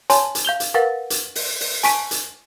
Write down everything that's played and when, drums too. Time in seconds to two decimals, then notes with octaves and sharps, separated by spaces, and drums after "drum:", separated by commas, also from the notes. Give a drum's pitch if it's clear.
0.10 C#5 G#5 A5 C6, drum: hi-hat
0.35 drum: hi-hat
0.45 F5 G6 F7 G7
0.60 drum: hi-hat
0.74 A#4 B4 F5 F#5 A6
1.10 drum: hi-hat
1.35 drum: open hi-hat
1.61 drum: open hi-hat
1.83 G#5 A5 C#6 B6 D7 D#7, drum: hi-hat
2.11 drum: hi-hat